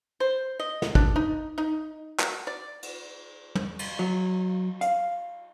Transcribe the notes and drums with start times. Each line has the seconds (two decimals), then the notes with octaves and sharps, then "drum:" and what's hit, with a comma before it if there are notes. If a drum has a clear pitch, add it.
0.20 C5
0.60 D#5
0.82 drum: snare
0.95 D4, drum: kick
1.16 D#4
1.58 D#4
2.20 F#4, drum: clap
2.47 D5
2.83 drum: cymbal
3.55 drum: tom
3.79 drum: cymbal
3.99 F#3
4.81 F5, drum: hi-hat